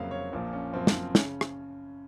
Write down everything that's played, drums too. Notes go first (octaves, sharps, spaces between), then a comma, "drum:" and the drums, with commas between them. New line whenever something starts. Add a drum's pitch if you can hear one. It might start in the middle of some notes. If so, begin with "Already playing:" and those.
Already playing: F1 F2 C#3 F#3 A#3 F5
C#5
A#1 A#2 F3 A#3
C#4
F#1 F#2 F3 A#3 C4
C4, drum: snare
C#3 C#4, drum: snare
drum: rim click